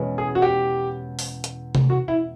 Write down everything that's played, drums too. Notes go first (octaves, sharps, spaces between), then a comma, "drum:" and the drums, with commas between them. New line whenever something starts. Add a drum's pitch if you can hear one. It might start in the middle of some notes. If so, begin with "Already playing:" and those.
Already playing: E2 B2 G#3 C#4
G#4
F#4
G4
drum: open hi-hat
drum: hi-hat
drum: tom C3
F#4
E4